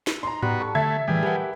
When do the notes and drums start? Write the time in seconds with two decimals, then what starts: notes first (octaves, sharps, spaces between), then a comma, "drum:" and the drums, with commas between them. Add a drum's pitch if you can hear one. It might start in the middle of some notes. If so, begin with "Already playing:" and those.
0.07 drum: snare
0.23 D#4 A#5 C6
0.43 G3 B3 F#4, drum: tom G#2
0.61 A4 C#6
0.75 D3 A3 E5 G#6
1.08 A2 E3 G3 G#4
1.23 G4 A#4 B4 F#5 G5